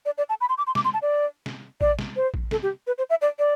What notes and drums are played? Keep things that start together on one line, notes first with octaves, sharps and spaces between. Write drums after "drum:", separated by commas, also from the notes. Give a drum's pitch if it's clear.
D5
D5
A5
B5
C6
D6
C6
D6, drum: snare
C6
A5
D5
drum: snare
D5, drum: kick A1
drum: snare
C5
drum: kick A1
A4, drum: snare
G4
B4
C5
E5
D5
D5